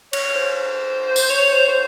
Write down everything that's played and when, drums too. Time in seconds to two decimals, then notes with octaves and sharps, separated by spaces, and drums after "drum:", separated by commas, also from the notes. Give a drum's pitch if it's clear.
0.13 C#5, drum: cymbal
0.35 C5
1.16 drum: tambourine
1.30 C#5
1.53 C5
1.69 C5